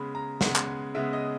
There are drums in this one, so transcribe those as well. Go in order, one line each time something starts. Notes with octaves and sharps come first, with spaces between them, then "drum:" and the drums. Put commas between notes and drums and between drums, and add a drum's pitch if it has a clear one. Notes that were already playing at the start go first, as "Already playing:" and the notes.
Already playing: C#3 G#3 B3 B5
A#5
C#3 G#3 B3 F#5, drum: snare
drum: clap
C#3 G#3 B3 E5
D#5